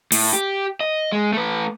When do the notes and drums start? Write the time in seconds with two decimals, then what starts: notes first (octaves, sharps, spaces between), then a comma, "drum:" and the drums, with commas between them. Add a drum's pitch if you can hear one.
0.12 A2, drum: open hi-hat
0.33 G4
0.81 D#5
1.12 G#3
1.33 A3 B4